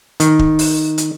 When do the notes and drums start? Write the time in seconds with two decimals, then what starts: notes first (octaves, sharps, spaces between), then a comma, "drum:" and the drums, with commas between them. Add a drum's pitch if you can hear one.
0.20 D#3, drum: hi-hat
0.39 drum: kick
0.59 drum: open hi-hat
0.98 drum: hi-hat